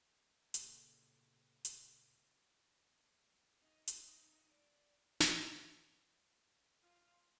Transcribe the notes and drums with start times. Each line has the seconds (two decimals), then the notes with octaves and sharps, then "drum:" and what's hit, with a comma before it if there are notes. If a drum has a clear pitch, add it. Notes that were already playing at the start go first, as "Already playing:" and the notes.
0.54 A#2 C#3 A3 G4 A4, drum: hi-hat
1.65 drum: hi-hat
3.62 D#4
3.88 drum: hi-hat
4.51 D5
5.20 drum: snare
6.83 F4